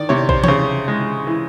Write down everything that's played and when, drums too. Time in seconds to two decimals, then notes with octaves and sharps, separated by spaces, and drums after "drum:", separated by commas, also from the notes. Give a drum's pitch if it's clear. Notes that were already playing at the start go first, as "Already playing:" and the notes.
Already playing: D#3 D5
0.09 C3 C#5
0.29 C5, drum: kick A#1
0.44 C#5, drum: tom E3
0.48 C#3 C5
0.88 G#3
1.27 E3